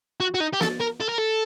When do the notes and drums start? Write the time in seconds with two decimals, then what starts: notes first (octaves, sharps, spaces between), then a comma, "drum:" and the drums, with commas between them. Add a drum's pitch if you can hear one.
0.20 F#4
0.35 F#4
0.41 D#4
0.54 G4
0.61 A4, drum: snare
0.81 A#4
1.00 A4
1.09 A#4
1.18 A4